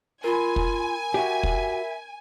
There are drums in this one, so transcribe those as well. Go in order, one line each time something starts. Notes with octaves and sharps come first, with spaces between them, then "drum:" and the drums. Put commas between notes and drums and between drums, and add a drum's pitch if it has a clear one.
F4 A#4 G#5 B5
drum: kick
F#4 G4 E5
drum: kick